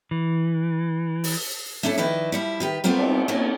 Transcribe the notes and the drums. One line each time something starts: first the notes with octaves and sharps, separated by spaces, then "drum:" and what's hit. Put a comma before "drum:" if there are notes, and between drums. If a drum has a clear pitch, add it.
E3
drum: open hi-hat
A3 C#4 D4 E4 A4
D#3 F3 E4 B4 D5 D#5
F3 G3 E4
D#3 G4 B4
G3 A3 B3 C4 F4 A#4
drum: cymbal
A#3 C4 C#4 F#4